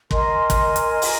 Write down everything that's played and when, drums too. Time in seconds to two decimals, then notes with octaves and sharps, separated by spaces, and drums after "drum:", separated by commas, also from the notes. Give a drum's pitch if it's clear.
0.11 A#4 D#5 G#5 C6, drum: kick
0.50 drum: kick, hi-hat
0.76 drum: hi-hat
1.02 drum: open hi-hat